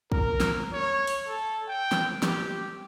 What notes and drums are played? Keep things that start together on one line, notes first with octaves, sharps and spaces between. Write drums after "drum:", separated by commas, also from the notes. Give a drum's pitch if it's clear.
A#4, drum: kick
drum: snare
C#5
drum: open hi-hat
A4
G5
drum: snare
G4, drum: snare